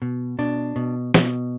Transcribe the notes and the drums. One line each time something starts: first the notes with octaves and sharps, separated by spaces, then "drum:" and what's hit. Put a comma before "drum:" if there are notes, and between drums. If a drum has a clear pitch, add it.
B2
B2 D4
B2
B2, drum: snare